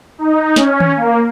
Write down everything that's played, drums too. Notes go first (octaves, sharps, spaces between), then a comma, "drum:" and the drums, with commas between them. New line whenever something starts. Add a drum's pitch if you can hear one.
D#4
C#4, drum: snare
drum: tom D#3
A#3